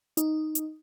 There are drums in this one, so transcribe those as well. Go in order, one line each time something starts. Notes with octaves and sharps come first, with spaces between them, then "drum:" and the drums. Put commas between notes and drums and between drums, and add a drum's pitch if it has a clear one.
D#4, drum: hi-hat
drum: hi-hat